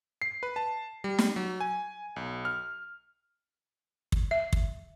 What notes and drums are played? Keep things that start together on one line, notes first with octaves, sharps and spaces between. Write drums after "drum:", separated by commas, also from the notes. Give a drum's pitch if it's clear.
C7
B4
A5
G3
drum: snare
F#3
G#5
B1
F6
drum: kick
E5
drum: kick